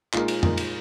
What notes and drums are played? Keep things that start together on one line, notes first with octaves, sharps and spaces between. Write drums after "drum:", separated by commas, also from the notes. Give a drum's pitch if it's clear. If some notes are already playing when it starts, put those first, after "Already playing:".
A#2 G#3 D#4 F4 A#4, drum: clap
drum: cymbal
A#2 G#3 D#4 A#4, drum: tom F2
drum: cymbal